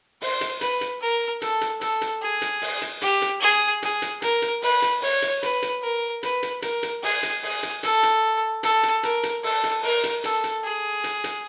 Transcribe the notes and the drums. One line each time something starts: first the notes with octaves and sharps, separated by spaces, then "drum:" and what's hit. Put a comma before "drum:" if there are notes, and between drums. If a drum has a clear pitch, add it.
C5, drum: open hi-hat
drum: hi-hat
B4, drum: hi-hat
drum: hi-hat
A#4
A4, drum: hi-hat
drum: hi-hat
A4, drum: hi-hat
drum: hi-hat
G#4
drum: hi-hat
drum: open hi-hat
drum: hi-hat
G4, drum: hi-hat
drum: hi-hat
G#4
G#4, drum: hi-hat
drum: hi-hat
A#4, drum: hi-hat
drum: hi-hat
B4, drum: open hi-hat
drum: hi-hat
C#5, drum: open hi-hat
drum: hi-hat
B4, drum: hi-hat
drum: hi-hat
A#4
B4, drum: hi-hat
drum: hi-hat
A#4, drum: hi-hat
drum: hi-hat
G#4, drum: open hi-hat
drum: hi-hat
G#4, drum: open hi-hat
drum: hi-hat
A4, drum: hi-hat
drum: hi-hat
A4, drum: hi-hat
drum: hi-hat
A#4, drum: hi-hat
drum: hi-hat
A4, drum: open hi-hat
drum: hi-hat
A#4, drum: open hi-hat
drum: hi-hat
A4, drum: hi-hat
drum: hi-hat
G#4
drum: hi-hat
drum: hi-hat